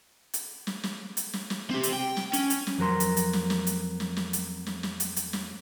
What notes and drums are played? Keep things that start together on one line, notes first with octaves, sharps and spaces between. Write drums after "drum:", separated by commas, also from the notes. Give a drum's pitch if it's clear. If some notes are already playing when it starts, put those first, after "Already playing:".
drum: hi-hat
drum: snare
drum: snare
drum: hi-hat
drum: snare
drum: snare
C4 G4
drum: hi-hat
G5
drum: snare
C#4, drum: hi-hat
drum: hi-hat
drum: snare
F2 F#3 A#4 C6
drum: hi-hat
drum: hi-hat
drum: snare
drum: snare
drum: hi-hat
drum: snare
drum: snare
drum: hi-hat
drum: snare
drum: snare
drum: hi-hat
drum: hi-hat
drum: snare